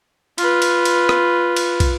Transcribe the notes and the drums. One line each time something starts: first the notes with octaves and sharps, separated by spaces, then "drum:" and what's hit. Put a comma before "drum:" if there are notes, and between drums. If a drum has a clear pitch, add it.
F4 B4, drum: cymbal
drum: cymbal
drum: cymbal
drum: rim click
drum: cymbal
drum: kick, cymbal